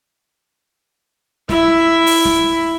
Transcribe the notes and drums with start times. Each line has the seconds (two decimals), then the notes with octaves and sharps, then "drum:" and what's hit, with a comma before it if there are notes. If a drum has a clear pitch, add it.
1.49 E4 E5, drum: snare
2.06 drum: open hi-hat
2.25 drum: snare